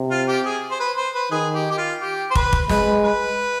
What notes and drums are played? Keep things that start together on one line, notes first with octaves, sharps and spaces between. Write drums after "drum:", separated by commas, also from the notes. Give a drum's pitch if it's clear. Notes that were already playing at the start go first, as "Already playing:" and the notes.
Already playing: C3
F4
G4
G#4
C5
B4
C5
B4
D#3 G#4
G4
G4
F4
G4
C5
B4, drum: kick
drum: kick
G#3 B4, drum: snare
B4